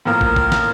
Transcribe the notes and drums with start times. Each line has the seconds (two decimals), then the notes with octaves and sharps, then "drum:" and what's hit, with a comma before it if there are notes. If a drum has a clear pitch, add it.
0.05 A2 F3 A#3 F4 A#4
0.21 drum: kick
0.36 drum: kick
0.52 drum: snare